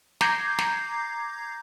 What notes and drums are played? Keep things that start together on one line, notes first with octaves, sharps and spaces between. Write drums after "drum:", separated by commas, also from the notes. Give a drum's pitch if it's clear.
A#5 D6 G6 G#6 A#6 C7, drum: snare
drum: snare